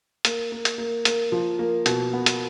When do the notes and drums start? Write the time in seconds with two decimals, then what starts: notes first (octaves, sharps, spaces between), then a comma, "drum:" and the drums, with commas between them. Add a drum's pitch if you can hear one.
0.25 A#3, drum: hi-hat
0.52 A#3
0.65 drum: hi-hat
0.78 A#3
1.05 A#3, drum: hi-hat
1.32 F3
1.59 A#3
1.86 B2, drum: hi-hat
2.13 B3
2.26 drum: hi-hat